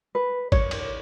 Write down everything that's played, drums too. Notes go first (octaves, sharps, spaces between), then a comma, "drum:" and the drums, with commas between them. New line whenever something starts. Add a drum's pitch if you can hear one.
B4
C#5, drum: kick G#1, cymbal
drum: cymbal